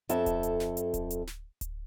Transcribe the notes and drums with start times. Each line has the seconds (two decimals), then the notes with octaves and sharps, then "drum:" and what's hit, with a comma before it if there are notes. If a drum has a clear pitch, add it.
0.09 F2 A4 E5, drum: hi-hat
0.26 drum: kick D1, hi-hat
0.43 drum: hi-hat
0.60 drum: snare
0.77 drum: hi-hat
0.94 drum: kick D1, hi-hat
1.10 drum: hi-hat
1.27 drum: snare
1.61 drum: kick D1, hi-hat